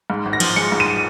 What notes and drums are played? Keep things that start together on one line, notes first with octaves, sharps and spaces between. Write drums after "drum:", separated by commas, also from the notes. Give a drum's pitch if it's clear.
G#2
G#1
A#6
F3, drum: cymbal
G#3 C#7
G#2
D#7